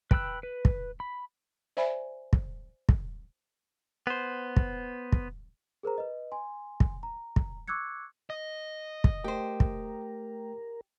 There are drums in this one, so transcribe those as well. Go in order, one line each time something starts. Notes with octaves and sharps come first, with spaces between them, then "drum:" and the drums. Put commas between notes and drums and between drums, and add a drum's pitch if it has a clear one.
B4 G5 B5 E6 F#6, drum: kick
B4
drum: kick
B5
C5 D5 E5 G#5 B5
drum: kick
drum: kick
B3 C5
drum: kick
drum: kick
G#4 A#4 C5 A#5
B4 D#5
G#5 C6
drum: kick
A#5
drum: kick
C#6 D6 E6 F#6 G#6 C#7
D#5
drum: kick
A3 G4 A#4 C5 G5
drum: kick